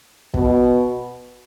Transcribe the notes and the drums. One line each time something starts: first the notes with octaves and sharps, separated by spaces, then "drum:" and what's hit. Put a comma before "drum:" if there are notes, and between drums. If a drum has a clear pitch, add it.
B2, drum: kick